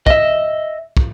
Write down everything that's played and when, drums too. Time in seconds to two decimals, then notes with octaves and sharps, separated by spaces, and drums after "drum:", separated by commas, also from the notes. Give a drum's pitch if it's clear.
0.07 D#5 E5, drum: kick
0.97 drum: kick